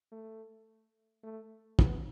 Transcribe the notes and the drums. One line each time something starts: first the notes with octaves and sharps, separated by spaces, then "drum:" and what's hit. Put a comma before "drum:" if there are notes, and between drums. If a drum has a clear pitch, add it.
A3
A3
B3, drum: kick